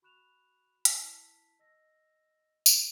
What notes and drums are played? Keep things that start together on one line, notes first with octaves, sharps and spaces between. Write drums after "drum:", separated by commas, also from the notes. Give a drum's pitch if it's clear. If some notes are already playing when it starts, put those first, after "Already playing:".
F#4 B5 C#6 F#6 E7 F7
E4 A5 B6, drum: hi-hat
D#5 E6 A#6
drum: tambourine